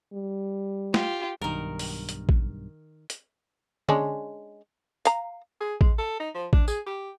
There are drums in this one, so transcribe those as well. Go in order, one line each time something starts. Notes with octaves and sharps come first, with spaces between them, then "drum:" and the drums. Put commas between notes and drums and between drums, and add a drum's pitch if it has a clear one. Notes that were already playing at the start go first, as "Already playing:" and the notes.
G3
F4 G4, drum: snare
B1 G2 D#3 A#4
drum: open hi-hat
drum: hi-hat
drum: kick A1
drum: hi-hat
G#3 C#4 D4, drum: tom D3
F5 A#5, drum: hi-hat
G#4
G#3, drum: kick A1
A4
D#4
F3
D4, drum: kick A1
G#4, drum: tambourine
G4